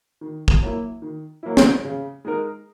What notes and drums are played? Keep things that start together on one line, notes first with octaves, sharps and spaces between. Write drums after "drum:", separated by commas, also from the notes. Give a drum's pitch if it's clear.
D#3
drum: kick
F#3 A#3 E4
D#3
F#3 A#3 E4
drum: snare
C#3
G#3 D#4 A#4